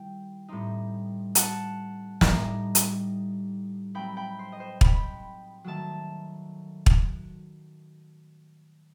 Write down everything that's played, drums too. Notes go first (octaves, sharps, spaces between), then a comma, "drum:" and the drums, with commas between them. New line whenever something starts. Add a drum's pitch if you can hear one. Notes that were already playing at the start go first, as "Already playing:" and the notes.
Already playing: D#3 G3 E4 G5
A2 G3 C4 D#4
F#5 A5, drum: hi-hat
A2 G3 D#4, drum: snare
drum: hi-hat
F#3 A3 C4 D#4 G5 B5
G5 B5
C5
D#5
C5
G5 B5, drum: kick
D#3 F#3 A3 A5
drum: kick